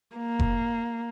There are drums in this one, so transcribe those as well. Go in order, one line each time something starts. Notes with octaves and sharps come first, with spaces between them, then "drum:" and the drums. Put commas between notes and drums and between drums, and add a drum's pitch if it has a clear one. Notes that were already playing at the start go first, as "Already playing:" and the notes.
A#3
drum: kick F1